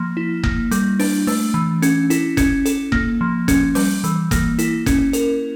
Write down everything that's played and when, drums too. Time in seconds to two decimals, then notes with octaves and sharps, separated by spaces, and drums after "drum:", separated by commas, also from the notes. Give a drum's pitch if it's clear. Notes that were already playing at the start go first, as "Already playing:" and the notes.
Already playing: F3 A#3
0.17 E4
0.43 A#3, drum: kick F#1
0.71 G3, drum: hi-hat
0.99 D4, drum: open hi-hat
1.27 A3, drum: open hi-hat
1.54 E3
1.82 C#4, drum: hi-hat
2.10 E4, drum: hi-hat
2.37 C#4, drum: kick F#1, hi-hat
2.66 A4, drum: hi-hat
2.92 A#3, drum: kick F#1
3.21 F3
3.48 C#4, drum: kick F#1, hi-hat
3.75 G3, drum: open hi-hat
4.04 E3, drum: hi-hat
4.31 A#3, drum: kick F#1, hi-hat
4.59 E4, drum: hi-hat
4.86 C#4, drum: kick F#1, hi-hat
5.13 A#4, drum: hi-hat